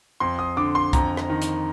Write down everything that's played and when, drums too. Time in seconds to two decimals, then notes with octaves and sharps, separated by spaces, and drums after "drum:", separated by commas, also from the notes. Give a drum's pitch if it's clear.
0.20 F2 C6
0.39 D#6
0.57 D3 D6
0.75 C6
0.93 F2 A#5, drum: kick C2, hi-hat
1.17 drum: rim click
1.30 D#3
1.42 drum: hi-hat